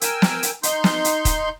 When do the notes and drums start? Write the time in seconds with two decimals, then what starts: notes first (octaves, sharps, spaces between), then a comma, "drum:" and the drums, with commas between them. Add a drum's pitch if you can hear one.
0.01 A#4 G5 G#5 E6, drum: hi-hat
0.22 drum: snare
0.43 drum: hi-hat
0.63 D#4 C6 G6, drum: hi-hat
0.84 drum: snare
1.05 drum: hi-hat
1.25 drum: kick, hi-hat